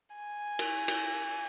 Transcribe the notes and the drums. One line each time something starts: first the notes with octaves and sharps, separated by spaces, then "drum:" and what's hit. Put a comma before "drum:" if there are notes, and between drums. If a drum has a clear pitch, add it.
G#5
drum: cymbal
drum: cymbal